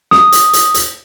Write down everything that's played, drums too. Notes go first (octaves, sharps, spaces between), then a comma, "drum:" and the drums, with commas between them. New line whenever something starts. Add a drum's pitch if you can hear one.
D#6, drum: snare
drum: hi-hat
drum: hi-hat
drum: hi-hat